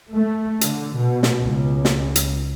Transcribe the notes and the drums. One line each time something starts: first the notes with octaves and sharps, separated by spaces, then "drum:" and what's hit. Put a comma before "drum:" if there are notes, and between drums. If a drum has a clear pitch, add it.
A3
D3, drum: hi-hat
B2
drum: snare
C#2
drum: snare
drum: hi-hat